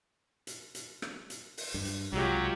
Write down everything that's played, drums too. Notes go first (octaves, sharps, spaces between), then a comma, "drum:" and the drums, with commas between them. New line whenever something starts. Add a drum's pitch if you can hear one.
drum: hi-hat
drum: hi-hat
drum: rim click
drum: hi-hat
drum: open hi-hat
G2
drum: hi-hat
C2 F#3 G#3 F4 G4